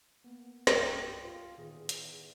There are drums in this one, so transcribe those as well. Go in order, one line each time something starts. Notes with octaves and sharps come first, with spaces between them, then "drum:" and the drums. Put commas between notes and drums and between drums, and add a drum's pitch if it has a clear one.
A#3 B3
C2 G2 G4 A4, drum: snare
F4
E2 A#2 D#3 G#4
drum: hi-hat